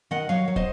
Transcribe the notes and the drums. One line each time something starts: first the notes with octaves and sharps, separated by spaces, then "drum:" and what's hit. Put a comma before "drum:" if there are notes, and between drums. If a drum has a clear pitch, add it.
D#3 D#5 F#5
F#3 C#5 F5
F#3
C5 D#5, drum: kick